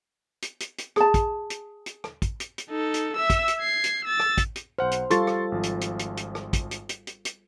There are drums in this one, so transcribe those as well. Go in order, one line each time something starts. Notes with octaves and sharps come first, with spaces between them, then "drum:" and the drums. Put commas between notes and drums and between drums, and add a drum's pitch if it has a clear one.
drum: hi-hat
drum: hi-hat
drum: hi-hat
G#4 A5, drum: rim click
drum: kick, hi-hat
drum: hi-hat
drum: hi-hat
drum: rim click
drum: kick, hi-hat
drum: hi-hat
drum: hi-hat
D#4 A4
drum: hi-hat
E5 E6
drum: kick, hi-hat
drum: hi-hat
G#6 C7
drum: hi-hat
E6 A6
drum: rim click
drum: kick, hi-hat
drum: hi-hat
B1 C5 F#5 F6
drum: hi-hat
G3 F4 A4 C6 C#6 A6, drum: hi-hat
drum: rim click
G#1 F3
drum: hi-hat
drum: hi-hat
drum: hi-hat
drum: hi-hat
drum: rim click
drum: kick, hi-hat
drum: hi-hat
drum: hi-hat
drum: hi-hat
drum: hi-hat